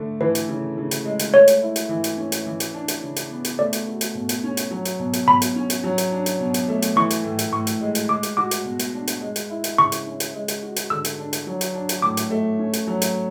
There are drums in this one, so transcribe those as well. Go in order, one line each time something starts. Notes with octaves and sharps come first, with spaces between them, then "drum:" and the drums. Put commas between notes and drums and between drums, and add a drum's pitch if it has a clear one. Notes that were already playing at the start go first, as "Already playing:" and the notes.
Already playing: D3 A3
E3 B4
drum: hi-hat
C#3
C#3
drum: hi-hat
G#3
drum: hi-hat
A3 C#5
drum: hi-hat
E4
drum: hi-hat
E3
drum: hi-hat
C#4
drum: hi-hat
E3
drum: hi-hat
D4
drum: hi-hat
C#3
drum: hi-hat
B3
drum: hi-hat
A3 D5
drum: hi-hat
F#4
drum: hi-hat
B2
drum: hi-hat
C#4
drum: hi-hat
F#3
drum: hi-hat
B2
drum: hi-hat
B2 B5
drum: hi-hat
C#4
drum: hi-hat
F#3
drum: hi-hat
D4
drum: hi-hat
B2
drum: hi-hat
A3
drum: hi-hat
E3 C#6
drum: hi-hat
A2
drum: hi-hat
A2 C#6
drum: hi-hat
G#3
drum: hi-hat
G#3 D6
drum: hi-hat
F#4 D6
drum: hi-hat
B2
drum: hi-hat
D4
drum: hi-hat
G#3
drum: hi-hat
E4
drum: hi-hat
C#3 C#6
drum: hi-hat
C#4
drum: hi-hat
G#3
drum: hi-hat
F#4
drum: hi-hat
D3 E6
drum: hi-hat
D4
drum: hi-hat
F#3
drum: hi-hat
D4
drum: hi-hat
A2 D6
drum: hi-hat
A3
C#4
drum: hi-hat
F#3
drum: hi-hat